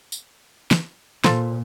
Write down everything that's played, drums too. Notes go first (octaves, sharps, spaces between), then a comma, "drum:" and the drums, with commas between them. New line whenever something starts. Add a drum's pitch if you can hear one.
drum: tambourine
drum: snare
A#2 F4 A4 C5, drum: snare